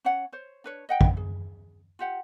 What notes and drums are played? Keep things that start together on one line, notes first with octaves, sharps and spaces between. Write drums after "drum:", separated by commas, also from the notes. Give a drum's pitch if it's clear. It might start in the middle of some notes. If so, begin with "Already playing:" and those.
C#4 C#5 F#5
C5 C#5
D4 B4 C#5
D#5 F#5 G5
drum: kick
G#4
F4 G4 F#5